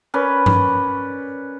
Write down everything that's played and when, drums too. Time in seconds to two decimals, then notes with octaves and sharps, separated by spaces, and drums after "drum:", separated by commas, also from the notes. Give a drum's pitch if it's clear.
0.14 C#4 A#4 B4 D5
0.46 drum: tom G2